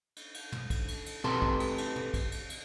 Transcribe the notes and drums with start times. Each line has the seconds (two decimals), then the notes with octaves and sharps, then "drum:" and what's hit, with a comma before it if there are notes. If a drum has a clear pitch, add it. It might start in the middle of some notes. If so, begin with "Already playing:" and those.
0.16 drum: cymbal
0.34 drum: cymbal
0.52 drum: tom
0.70 drum: kick, cymbal
0.88 drum: cymbal
1.06 drum: cymbal
1.24 C4 G4 A4 B4 A5 C6, drum: tom
1.42 drum: kick
1.60 drum: cymbal
1.78 drum: cymbal
1.96 drum: tom
2.14 drum: kick, cymbal
2.32 drum: cymbal
2.50 drum: cymbal